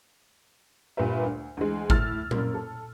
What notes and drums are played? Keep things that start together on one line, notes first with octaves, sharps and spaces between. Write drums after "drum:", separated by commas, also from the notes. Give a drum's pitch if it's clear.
G1 A#2 G4 A#4 B4 E5
D2
D2 E3 G#3
A2 E4 E6 F6 A6, drum: kick G#1
F#2 A#3, drum: tom A#2
A4